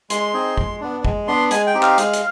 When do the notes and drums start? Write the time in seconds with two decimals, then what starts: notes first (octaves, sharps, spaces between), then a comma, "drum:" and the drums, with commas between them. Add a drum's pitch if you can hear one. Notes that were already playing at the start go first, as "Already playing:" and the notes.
0.10 G#3 C6, drum: hi-hat
0.34 C4 D#4 G#4
0.58 G#3, drum: kick G1
0.81 B3 D4
1.05 G#3, drum: kick G1
1.28 B3 D4 C6
1.51 G#3 G#5, drum: hi-hat
1.67 G5
1.74 C4 D#4 G4
1.82 F5, drum: clap
1.98 G#3, drum: hi-hat
2.14 drum: hi-hat